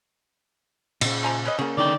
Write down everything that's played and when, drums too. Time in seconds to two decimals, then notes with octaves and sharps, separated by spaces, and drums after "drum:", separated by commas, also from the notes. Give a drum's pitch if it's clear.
1.01 A#2 C#3, drum: cymbal
1.23 F3 G#5 A#5
1.45 C#4 B4 D#5
1.59 C#3 A#3 G#4
1.77 D3 D#4 D5 G5